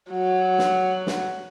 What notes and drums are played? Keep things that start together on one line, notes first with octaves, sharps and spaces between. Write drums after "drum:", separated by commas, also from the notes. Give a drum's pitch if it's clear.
F#3
drum: snare
drum: snare